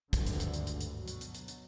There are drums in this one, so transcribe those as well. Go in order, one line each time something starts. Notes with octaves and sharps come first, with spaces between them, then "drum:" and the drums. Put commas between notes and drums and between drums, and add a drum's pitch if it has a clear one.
G#1 D2 G2 D3, drum: kick, hi-hat
drum: hi-hat
drum: hi-hat
drum: hi-hat
drum: hi-hat
drum: hi-hat
B2 F#3
drum: hi-hat
drum: hi-hat
drum: hi-hat
drum: hi-hat